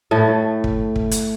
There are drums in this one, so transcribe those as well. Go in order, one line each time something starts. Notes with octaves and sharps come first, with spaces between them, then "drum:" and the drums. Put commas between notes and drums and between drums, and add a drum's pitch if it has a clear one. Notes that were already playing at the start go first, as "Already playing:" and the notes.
A2 A3
drum: kick
drum: kick
drum: hi-hat